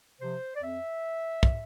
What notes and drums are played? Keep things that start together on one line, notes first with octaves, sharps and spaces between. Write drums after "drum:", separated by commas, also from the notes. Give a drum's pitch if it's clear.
C3 F3 C5
D5
F2 E5
drum: kick